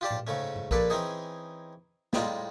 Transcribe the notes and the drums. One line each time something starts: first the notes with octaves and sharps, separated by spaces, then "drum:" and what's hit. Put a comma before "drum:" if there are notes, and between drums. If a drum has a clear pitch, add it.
F4 G4 D5 A5
drum: tom A2
G#2 C#3 A3 C#4
drum: tom G2
A#1 A#2 A4 B4 D5, drum: kick B1
E3 C4 C#4 D#4 G#4
A2 G3 G#3 D#4 F4, drum: snare